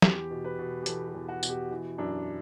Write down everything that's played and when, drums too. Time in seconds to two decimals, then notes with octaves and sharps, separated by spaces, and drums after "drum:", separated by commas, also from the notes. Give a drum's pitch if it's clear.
0.02 E2 G4, drum: snare
0.31 B2
0.44 B4
0.59 B2
0.82 G4
0.86 E2 A4, drum: hi-hat
1.08 G4
1.15 E2
1.29 F#4
1.43 B2, drum: tambourine
1.50 G4
1.71 E3
1.98 F#2 D4